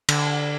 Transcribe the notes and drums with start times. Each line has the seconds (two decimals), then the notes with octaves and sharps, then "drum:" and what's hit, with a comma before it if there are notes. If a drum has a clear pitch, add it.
0.09 D3, drum: cymbal